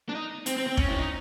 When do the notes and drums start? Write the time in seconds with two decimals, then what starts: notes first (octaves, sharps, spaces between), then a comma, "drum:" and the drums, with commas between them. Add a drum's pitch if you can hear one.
0.09 D4
0.15 D#4
0.46 C4, drum: hi-hat
0.57 C4
0.67 C4
0.77 C#4, drum: kick
0.88 E4
0.98 D#4